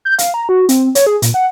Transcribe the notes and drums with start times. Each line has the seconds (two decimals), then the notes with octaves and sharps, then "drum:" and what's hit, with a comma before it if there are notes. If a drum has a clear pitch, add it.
0.05 G6
0.19 F5, drum: hi-hat
0.34 A#5
0.49 F#4
0.69 C4, drum: hi-hat
0.95 C#5, drum: hi-hat
1.07 G#4
1.22 A#2, drum: hi-hat
1.34 F#5